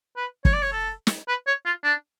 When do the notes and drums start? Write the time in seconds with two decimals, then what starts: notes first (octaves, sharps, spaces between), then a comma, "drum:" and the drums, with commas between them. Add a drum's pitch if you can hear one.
0.16 B4
0.45 C#5, drum: kick F#1
0.53 D5
0.62 C#5
0.72 A4
1.07 drum: snare
1.28 B4
1.47 C#5
1.65 F4
1.84 D4